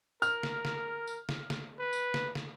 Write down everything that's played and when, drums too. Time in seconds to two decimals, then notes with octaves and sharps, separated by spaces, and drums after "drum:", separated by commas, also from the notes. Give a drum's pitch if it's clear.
0.22 A#4 F6, drum: tambourine
0.43 drum: snare
0.65 drum: snare
1.07 drum: tambourine
1.29 drum: snare
1.50 drum: snare
1.79 B4
1.93 drum: tambourine
2.14 drum: snare
2.35 drum: snare